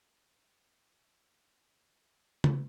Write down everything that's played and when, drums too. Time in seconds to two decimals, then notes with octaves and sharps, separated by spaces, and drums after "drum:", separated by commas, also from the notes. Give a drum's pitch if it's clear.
0.22 D3
0.58 A2
0.98 B2
1.37 D#2
1.81 D5
2.11 F#6
2.44 drum: tom C#3